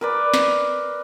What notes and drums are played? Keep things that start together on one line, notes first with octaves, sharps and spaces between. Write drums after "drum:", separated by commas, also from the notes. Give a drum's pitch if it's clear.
A#4 B4 D5
drum: snare